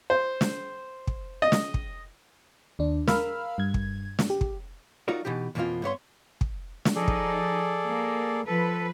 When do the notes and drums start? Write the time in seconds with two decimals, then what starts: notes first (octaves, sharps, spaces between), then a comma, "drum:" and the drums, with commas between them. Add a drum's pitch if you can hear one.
0.10 C5
0.41 drum: snare
1.07 drum: kick
1.42 D#5
1.52 drum: snare
1.74 drum: kick
2.79 D#2 D4
3.07 A#4 F5 B5 E6 F6, drum: snare
3.58 G2 G#6
3.74 drum: kick
4.19 drum: snare
4.30 G4
4.41 drum: kick
5.08 F#3 D#4 F4 F#4 A#4 D5
5.25 B2 E3 D#4 G4
5.55 F2 B2 E3 F3 A#3 F4
5.82 G2 B3 C#5 C6
6.41 drum: kick
6.85 drum: snare
6.95 F3 D#4 G#4 A4 D5
7.08 drum: kick
7.84 A#3
8.47 F3 A4 B4